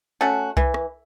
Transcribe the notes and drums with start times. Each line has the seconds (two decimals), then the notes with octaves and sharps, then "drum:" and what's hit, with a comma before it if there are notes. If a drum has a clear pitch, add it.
0.21 A3 C#4 F#4
0.57 E3, drum: kick C2
0.74 drum: rim click